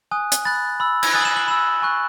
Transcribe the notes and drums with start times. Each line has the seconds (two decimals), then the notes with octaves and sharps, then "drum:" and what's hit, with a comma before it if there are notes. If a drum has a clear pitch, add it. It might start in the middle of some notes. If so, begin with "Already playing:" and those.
0.11 G#5 D#6 F#6
0.32 drum: hi-hat
0.45 B5 F#6 A6
0.80 B5 E6
1.03 G#6, drum: cymbal
1.13 G#5 D#6 F#6 A6
1.21 F#7
1.25 E7
1.36 F#7
1.48 B5 E6 E7
1.82 G#5 C#6 F#6